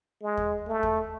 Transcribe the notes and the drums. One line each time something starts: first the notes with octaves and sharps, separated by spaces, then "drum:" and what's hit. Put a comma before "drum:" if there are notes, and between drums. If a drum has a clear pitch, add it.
G#3
drum: kick
A3
drum: kick